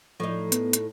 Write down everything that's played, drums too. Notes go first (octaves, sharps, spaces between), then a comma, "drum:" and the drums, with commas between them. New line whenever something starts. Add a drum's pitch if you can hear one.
A2 F3 D#4
B3, drum: hi-hat
drum: hi-hat